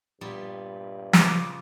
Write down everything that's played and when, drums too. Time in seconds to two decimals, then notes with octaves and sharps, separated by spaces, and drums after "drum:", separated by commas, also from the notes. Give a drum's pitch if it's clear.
0.21 G2 A#2 G3 B3
1.13 C#3 F3 F4 D6, drum: snare